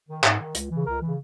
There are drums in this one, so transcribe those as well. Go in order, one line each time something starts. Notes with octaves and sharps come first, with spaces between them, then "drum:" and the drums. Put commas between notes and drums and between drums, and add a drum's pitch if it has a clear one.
D#3
G#2, drum: clap
D#3
C#2, drum: hi-hat
C#3 E3
C#2 A#4
C#3 E3